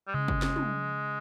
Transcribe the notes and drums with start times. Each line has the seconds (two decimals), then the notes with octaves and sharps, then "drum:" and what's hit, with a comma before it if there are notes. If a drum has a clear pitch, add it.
0.08 G3
0.14 C#3 G#3
0.28 drum: kick
0.42 drum: snare
0.56 drum: tom